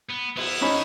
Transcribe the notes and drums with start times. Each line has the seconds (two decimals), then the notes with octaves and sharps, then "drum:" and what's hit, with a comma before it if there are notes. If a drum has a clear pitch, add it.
0.09 B3
0.37 B3 E4, drum: cymbal
0.61 C#4 D#4 B5